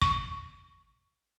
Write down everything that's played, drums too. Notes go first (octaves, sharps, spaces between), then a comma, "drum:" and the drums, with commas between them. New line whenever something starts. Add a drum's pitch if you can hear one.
C#6, drum: kick